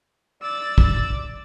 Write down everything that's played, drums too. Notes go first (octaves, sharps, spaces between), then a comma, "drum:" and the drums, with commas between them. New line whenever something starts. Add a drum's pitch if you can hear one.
D5 E6 A6
drum: kick